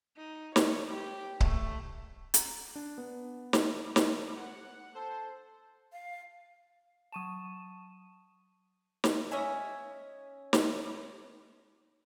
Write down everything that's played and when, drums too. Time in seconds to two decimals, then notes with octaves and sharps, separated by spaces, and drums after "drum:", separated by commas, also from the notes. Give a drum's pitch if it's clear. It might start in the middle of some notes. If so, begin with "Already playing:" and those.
0.17 D#4
0.56 C#5, drum: snare
0.88 G4
1.40 A3, drum: kick C#1
2.34 A#5, drum: hi-hat
2.76 D4
2.98 B3
3.53 drum: snare
3.96 drum: snare
4.36 F#5
4.95 A4 C5 A5
5.92 F5
7.12 F#3 A5 C#6 D#6 D#7 E7
9.04 drum: snare
9.31 C#4 D#5 E5 G#5
10.53 drum: snare